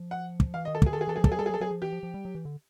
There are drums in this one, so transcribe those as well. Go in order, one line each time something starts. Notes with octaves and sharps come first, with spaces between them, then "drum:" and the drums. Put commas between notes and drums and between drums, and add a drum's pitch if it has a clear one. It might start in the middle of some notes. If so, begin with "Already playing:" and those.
Already playing: F3
F#5
drum: kick
E3 F5
D#3 D#5
A4
D3 G#4, drum: kick
A4
D#3 G#4
E3 A4
F3 G#4
A4, drum: kick
F#3 G#4
G3 A4
G#4
F#3
A4
F#3 G#4
F3
E3 G4
F3
F3
G3
F#3
E3
D3